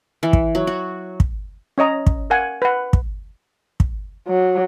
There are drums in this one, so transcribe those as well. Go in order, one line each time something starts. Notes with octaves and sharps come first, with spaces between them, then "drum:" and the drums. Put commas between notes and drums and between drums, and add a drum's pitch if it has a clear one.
E3
drum: kick
F#3
F#4
drum: kick
C#4 C#5 D#5 A#5
drum: kick
A#4 F5 F#5 G#5
B4 F#5
drum: kick
drum: kick
F#3